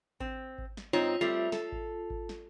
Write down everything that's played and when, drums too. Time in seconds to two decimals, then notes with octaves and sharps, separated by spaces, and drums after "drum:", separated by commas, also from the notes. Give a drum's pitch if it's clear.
0.20 C4, drum: kick G#1
0.58 drum: kick G#1
0.77 drum: snare
0.93 G#2 C4 D#4 F4 C#5
1.21 G3 A3 C4 F4
1.52 A4, drum: snare
1.72 drum: kick G#1
2.10 drum: kick G#1
2.29 drum: snare